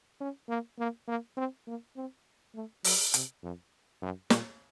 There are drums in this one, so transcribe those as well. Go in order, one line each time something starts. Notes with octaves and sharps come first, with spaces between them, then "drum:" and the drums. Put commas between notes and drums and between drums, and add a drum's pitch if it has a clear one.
C#4
A#3
A#3
A#3
C4
A#3
C4
A3
F#3, drum: open hi-hat
C3, drum: hi-hat
F2
F#2
A#2, drum: snare